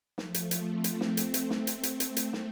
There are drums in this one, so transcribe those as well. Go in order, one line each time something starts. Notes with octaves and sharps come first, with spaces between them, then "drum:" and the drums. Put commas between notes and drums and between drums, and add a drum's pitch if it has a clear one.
F3 A3, drum: snare
drum: hi-hat
drum: hi-hat
A3 C4
drum: hi-hat
drum: snare
drum: hi-hat
drum: hi-hat
drum: snare
A3 C4, drum: hi-hat
drum: hi-hat
drum: hi-hat
drum: hi-hat
drum: snare